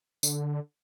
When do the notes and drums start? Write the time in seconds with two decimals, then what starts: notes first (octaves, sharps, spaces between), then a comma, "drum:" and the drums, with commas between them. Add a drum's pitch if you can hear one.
0.23 D3, drum: tambourine